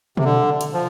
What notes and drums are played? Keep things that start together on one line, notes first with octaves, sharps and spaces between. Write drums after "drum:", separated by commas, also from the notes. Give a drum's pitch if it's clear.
C3, drum: tom B2
D3
drum: hi-hat
F3